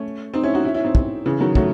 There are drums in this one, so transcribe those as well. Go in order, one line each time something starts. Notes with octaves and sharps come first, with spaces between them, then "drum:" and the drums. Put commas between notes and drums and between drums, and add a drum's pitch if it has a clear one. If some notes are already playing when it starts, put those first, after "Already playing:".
Already playing: A3 C#4
C4 D#4
C#4 E4
D#4 F#4
C#4 E4
C#4 E4
C4 D#4
drum: kick
C#3 E3
D#3 F#3
F#3 A3, drum: kick